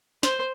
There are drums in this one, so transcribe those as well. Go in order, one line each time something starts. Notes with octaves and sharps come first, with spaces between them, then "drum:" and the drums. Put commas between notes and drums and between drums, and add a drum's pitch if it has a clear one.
C5, drum: snare